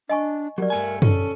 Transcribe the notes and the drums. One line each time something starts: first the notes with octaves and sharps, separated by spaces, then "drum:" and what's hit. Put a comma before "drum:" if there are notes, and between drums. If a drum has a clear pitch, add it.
D4 D#5 G#5 C#6
F#3 G4 A#4 D5
G2 A3 G#5
C#4 A4, drum: tom F#2